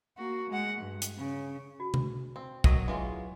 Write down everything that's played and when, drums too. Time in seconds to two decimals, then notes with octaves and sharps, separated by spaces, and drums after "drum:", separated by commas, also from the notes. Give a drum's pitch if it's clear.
0.17 A#3 F#4
0.49 G#3 F#5
0.80 G2
1.02 drum: hi-hat
1.17 C#3
1.80 F#4
1.94 drum: tom C3
2.36 C4
2.64 F#3 A#4 D#5 E5 C#6, drum: kick
2.88 E3 G#3 F4 D6